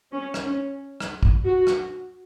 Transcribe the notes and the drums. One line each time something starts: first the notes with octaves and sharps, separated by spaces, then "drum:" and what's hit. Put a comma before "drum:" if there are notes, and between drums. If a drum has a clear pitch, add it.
C#4
drum: rim click
C#4
drum: rim click
drum: kick
F#4
drum: rim click